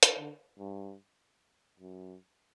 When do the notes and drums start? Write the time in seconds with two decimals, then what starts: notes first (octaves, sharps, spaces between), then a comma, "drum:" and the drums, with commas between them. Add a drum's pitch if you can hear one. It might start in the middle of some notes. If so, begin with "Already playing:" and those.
0.03 drum: hi-hat
0.18 D3
0.59 G2
1.80 F#2